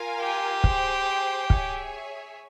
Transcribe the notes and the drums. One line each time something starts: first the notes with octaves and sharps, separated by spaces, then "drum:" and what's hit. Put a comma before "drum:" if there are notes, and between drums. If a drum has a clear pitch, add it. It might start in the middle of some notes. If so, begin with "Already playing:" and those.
Already playing: F4 A#4 F5 G#5
G4
G#4 C5 G5, drum: kick
G#4 C#5 E5 G#5, drum: kick